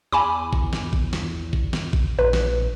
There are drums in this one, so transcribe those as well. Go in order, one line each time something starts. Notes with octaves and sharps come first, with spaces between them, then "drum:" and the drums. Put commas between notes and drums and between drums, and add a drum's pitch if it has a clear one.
E2 G#5 B5 D6
drum: kick A1
drum: snare
drum: kick A1
drum: snare
drum: kick A1
drum: snare
drum: kick A1
A#1 B4
drum: snare